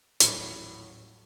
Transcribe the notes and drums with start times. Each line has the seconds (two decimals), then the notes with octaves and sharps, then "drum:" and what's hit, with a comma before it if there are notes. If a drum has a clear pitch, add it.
0.20 D#1 A1 A2 F#3 B5 C#7, drum: hi-hat